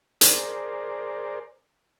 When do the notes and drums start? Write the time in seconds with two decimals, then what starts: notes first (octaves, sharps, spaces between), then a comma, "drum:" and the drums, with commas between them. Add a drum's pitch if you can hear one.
0.21 G#4 A#4 C5 D5, drum: hi-hat